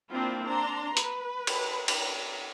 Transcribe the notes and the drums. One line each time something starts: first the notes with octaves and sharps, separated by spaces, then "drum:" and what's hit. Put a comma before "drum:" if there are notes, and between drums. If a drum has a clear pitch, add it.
A#3 C4 D4 E4 F4
D4 A#5 C6
B4, drum: hi-hat
drum: cymbal
drum: cymbal